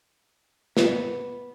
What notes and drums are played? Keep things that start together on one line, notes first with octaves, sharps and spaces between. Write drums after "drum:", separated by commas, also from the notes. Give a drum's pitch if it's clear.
B3, drum: snare